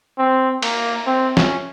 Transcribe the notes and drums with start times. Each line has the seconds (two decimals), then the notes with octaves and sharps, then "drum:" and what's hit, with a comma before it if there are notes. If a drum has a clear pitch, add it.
0.18 C4
0.63 A#3, drum: cymbal
1.07 C4
1.37 C#4, drum: snare